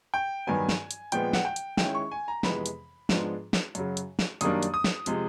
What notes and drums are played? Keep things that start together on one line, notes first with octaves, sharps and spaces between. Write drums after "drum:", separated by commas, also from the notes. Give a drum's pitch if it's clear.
G5
G2 D#3 F#3 B3 G#5
drum: snare
drum: hi-hat
A#2 F3 G#3 B3 G5, drum: hi-hat
F#5, drum: snare
G5
drum: hi-hat
D#3 G#3 C#4 E4 G5, drum: snare
C#6
G#5
A#5
F2 C3 E3 G#3 B3 B5, drum: snare
drum: hi-hat
G#2 F3 G#3 B3 D4, drum: snare
drum: snare
F#2 C#3 F#3, drum: hi-hat
drum: hi-hat
drum: snare
F#2 D#3 G3 A#3 D4 D#6, drum: hi-hat
drum: hi-hat
D#6
drum: snare
C3 F3 G#3, drum: hi-hat